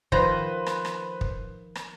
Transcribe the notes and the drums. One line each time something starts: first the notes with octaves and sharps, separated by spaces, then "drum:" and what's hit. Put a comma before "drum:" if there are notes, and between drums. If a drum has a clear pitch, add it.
D#3 F3 B4 C5 A#5, drum: kick
drum: rim click
drum: rim click
drum: kick
drum: rim click